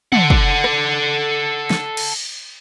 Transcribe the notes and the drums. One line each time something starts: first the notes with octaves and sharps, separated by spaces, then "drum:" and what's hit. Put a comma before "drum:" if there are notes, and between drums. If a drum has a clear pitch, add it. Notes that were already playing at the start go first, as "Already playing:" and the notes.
A4 F#5, drum: tom
drum: kick
drum: rim click
drum: snare
drum: cymbal